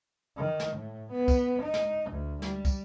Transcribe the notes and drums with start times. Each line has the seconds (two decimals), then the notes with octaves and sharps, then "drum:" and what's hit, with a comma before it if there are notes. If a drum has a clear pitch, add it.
0.37 D#3
0.60 drum: snare
0.77 A2
1.12 B3
1.28 drum: kick, tambourine
1.62 D#4
1.74 drum: snare
2.11 D2
2.42 G3, drum: snare
2.65 drum: kick, tambourine